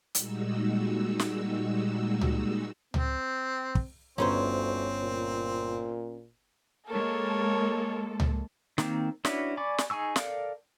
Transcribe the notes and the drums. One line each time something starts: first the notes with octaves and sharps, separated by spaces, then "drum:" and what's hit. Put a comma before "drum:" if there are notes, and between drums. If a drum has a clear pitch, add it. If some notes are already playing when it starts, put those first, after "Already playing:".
A#2 G3 G#3 D#4 F#4 E6, drum: hi-hat
drum: snare
drum: tom C#2
C4, drum: tom C#2
drum: kick
G1 D2 C4 C#4 B4 C5 A#5
A#2
G#3 A#3 A4 A#4 C#5
drum: tom C#2
D#3 A#3 C4, drum: snare
C#4 D4 E4 F#4 B4, drum: snare
D5 G#5 B5 C#6 D6
drum: snare
D#4 G#4 G#5 C#6 E6
A4 A#4 D5 F5, drum: snare